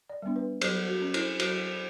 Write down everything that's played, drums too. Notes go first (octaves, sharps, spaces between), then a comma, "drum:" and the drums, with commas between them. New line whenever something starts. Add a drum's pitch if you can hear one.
D5
G3 B3 D4
B4
F#3 G4, drum: cymbal
F#4
C#4
E4, drum: cymbal
F#3 F#4, drum: cymbal